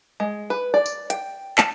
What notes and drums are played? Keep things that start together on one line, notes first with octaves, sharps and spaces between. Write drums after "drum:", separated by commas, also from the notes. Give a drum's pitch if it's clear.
G#3
B4
D5
drum: tambourine
G5, drum: hi-hat
A5, drum: clap